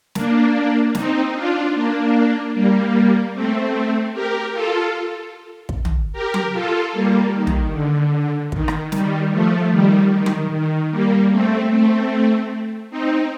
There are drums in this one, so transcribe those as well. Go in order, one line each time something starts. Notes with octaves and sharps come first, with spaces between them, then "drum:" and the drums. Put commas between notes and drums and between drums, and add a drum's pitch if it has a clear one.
A#3 D4, drum: snare
C4 D#4, drum: snare
D4 F4
A#3 D4
G3 A#3
A3 C4
G4 A#4
F4 A4
drum: kick
drum: tom
G4 A#4
drum: tom F#3
F4 A4
G3 A#3
D#3
drum: tom
D3
D#3, drum: kick
drum: rim click
D#3 G3, drum: snare
F3 A3
D#3 G3
D#3
drum: tom F#3
D#3
G3 A#3
A3 C4
A3 C4
C4 D#4